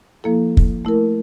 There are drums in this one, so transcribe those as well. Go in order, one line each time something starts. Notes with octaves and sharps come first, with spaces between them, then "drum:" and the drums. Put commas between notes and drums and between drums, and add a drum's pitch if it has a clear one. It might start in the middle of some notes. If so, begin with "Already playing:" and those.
F3 A#3 E4 A4
drum: kick
A3 E4 A#4